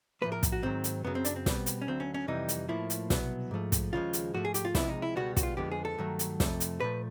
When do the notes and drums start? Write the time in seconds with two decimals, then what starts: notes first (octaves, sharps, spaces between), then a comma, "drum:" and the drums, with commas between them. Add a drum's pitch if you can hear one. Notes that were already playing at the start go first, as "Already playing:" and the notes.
0.22 A2 F3 A#3 B4
0.32 A#4
0.43 drum: kick, hi-hat
0.52 F#4
0.63 G#2 D#3 F#3 C4
0.84 drum: hi-hat
1.04 F#2 C#3 F#3 B3
1.15 C4
1.25 D4, drum: hi-hat
1.36 C4
1.46 B2 G3 B3, drum: snare
1.66 drum: hi-hat
1.82 C#4
1.87 D2 D3 F#3 C4
2.00 C#4
2.14 C#4
2.27 F2 C3 E3 G3 D#4
2.49 drum: hi-hat
2.69 A2 F3 A#3 E4
2.90 drum: hi-hat
3.10 C2 B2 F#3 B3, drum: snare
3.51 G#2 F3 A3
3.72 drum: kick, hi-hat
3.93 D#2 C#3 F3 G#3 F4
4.13 drum: hi-hat
4.34 G#2 F3 A3 F#4
4.45 G#4
4.54 G4, drum: hi-hat
4.65 F4
4.75 C#2 C3 F3 G#3 B3 E4, drum: snare
4.89 D#4
5.02 E4
5.16 C#2 B2 G3 B3 F#4
5.37 F#4, drum: kick, hi-hat
5.43 F4
5.57 F2 D3 F3 G#3 B3 G4
5.72 G#4
5.85 A4
5.98 G2 D#3 F#3 A3
6.19 drum: hi-hat
6.40 F2 C3 F3 A3, drum: snare
6.60 drum: hi-hat
6.80 A#2 F3 A3 B4